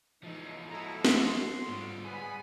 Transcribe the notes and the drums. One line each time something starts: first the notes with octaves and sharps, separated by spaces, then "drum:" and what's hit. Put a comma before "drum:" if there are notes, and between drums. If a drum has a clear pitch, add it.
E3 F3 G#3 D#4
E4 F#4 A4 D#5 A#5
C6, drum: snare
G#2 G3 F4 C#5
B3 G#4 G#5 B5